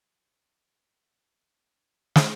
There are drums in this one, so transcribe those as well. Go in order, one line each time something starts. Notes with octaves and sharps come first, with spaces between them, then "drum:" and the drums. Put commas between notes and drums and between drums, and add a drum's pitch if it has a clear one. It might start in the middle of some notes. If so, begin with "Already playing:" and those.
Already playing: A2 F3 G#3 C4
A5 B5
A#5 C6
A1 G2 D#3 G#3
drum: snare